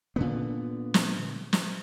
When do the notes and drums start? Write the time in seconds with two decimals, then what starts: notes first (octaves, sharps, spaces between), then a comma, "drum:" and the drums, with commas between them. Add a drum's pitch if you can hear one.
0.16 A#2 D3 B3
0.94 drum: snare
1.53 drum: snare